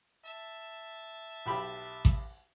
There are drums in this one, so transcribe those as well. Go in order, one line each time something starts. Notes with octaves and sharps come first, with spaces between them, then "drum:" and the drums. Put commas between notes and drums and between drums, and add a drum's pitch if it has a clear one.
E5 A5
B1 G4 B5
drum: kick A1